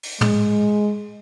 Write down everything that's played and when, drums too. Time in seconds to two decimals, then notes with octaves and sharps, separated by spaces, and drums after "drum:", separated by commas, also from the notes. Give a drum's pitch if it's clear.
0.03 drum: open hi-hat
0.21 G#3, drum: tom